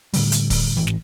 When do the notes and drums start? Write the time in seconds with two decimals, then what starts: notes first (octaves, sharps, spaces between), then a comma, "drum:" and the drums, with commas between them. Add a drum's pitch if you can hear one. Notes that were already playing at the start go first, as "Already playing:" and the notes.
0.13 A2 D3 G3, drum: open hi-hat
0.32 drum: hi-hat
0.50 drum: kick, open hi-hat
0.77 G#1 A2 E3
0.87 drum: snare